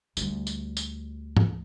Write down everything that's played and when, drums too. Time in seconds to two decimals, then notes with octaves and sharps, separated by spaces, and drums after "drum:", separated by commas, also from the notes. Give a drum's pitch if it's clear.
0.17 D2 G3, drum: tambourine
0.47 drum: tambourine
0.77 drum: tambourine
1.37 drum: tom